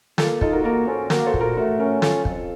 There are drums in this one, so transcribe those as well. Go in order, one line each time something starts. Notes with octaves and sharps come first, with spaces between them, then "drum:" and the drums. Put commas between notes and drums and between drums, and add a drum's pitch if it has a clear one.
A#3 F4 A4, drum: snare
D#4 F4 A4, drum: kick
F#4 A#4
A#3 F#4 A#4
C#4 A4 C5
A#3 F#4 A#4, drum: snare
A4 C5
A#2, drum: kick
F#4 A#4
A3 F#4 A#4
C#4 F#4 A#4
F#3 F4 A4, drum: snare
F2, drum: kick